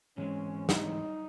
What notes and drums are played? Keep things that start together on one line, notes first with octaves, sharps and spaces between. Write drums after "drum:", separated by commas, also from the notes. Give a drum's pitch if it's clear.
G#2 E3 G#3 C4 C#4
D#4, drum: snare